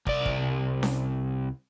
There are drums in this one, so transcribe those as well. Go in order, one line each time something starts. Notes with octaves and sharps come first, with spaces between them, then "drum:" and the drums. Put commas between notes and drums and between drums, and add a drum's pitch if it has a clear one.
C2 D5, drum: kick
drum: kick
drum: snare C#4